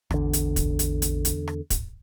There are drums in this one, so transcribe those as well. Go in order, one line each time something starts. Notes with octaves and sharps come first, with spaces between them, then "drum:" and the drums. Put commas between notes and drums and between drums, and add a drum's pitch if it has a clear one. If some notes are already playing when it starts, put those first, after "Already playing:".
A1 E2 D3, drum: rim click
drum: hi-hat
drum: kick, hi-hat
drum: hi-hat
drum: hi-hat
drum: hi-hat
drum: rim click
drum: kick, hi-hat